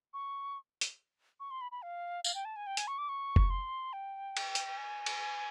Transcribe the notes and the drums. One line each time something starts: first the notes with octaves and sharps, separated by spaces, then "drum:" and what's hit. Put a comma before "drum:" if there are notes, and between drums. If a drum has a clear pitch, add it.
C#6
drum: hi-hat
C#6
C6
B5
B5
F5
F5, drum: tambourine
G5
A5
G#5
G5
G#5, drum: hi-hat
C#6
D6
C#6
drum: kick F#1
C6
G5
drum: cymbal
drum: hi-hat
G#5
drum: cymbal